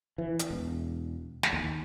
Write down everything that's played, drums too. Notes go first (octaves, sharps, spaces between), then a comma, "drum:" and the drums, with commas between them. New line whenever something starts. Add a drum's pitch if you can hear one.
E3
drum: hi-hat
E1
drum: snare
D#2